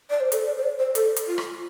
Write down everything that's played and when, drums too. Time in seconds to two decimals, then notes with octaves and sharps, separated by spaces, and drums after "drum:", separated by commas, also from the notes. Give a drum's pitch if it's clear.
0.10 D5
0.20 C5
0.32 A4, drum: hi-hat
0.47 D5
0.57 C5
0.63 D5
0.79 C5
0.95 A4, drum: hi-hat
1.16 drum: hi-hat
1.27 F4
1.38 drum: rim click